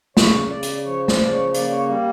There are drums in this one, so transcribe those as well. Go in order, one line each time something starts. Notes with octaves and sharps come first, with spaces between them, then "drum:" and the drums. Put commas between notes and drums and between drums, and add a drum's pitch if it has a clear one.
C#3 C#5, drum: snare
C#3 D5
drum: hi-hat
F3 C#5
D5, drum: snare
C#3 D5
C#5
A#3 D5, drum: hi-hat
C#5
G3